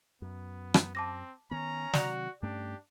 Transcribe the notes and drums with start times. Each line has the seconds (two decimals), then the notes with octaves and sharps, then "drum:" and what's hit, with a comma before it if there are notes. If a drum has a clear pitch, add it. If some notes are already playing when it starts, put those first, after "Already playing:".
0.22 F#2 B3
0.74 drum: rim click
0.95 C4 A5 D6 A#6
1.51 D#3 B3 C#4 A#5
1.93 C3 D#3 F#3 F#4 D5 F7, drum: snare
2.42 G2 A3 C#4 D4 G4